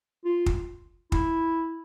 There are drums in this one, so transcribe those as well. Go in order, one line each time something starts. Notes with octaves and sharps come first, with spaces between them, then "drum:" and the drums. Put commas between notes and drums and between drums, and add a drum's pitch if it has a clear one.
F4
drum: kick
E4, drum: kick